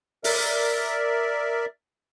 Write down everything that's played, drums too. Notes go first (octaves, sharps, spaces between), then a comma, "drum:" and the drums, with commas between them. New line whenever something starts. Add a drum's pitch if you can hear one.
A#4 D5 E5, drum: open hi-hat